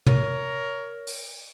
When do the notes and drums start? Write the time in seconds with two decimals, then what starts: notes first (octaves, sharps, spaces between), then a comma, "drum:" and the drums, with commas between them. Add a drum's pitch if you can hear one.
0.07 A#4 C#5, drum: tom
1.07 drum: open hi-hat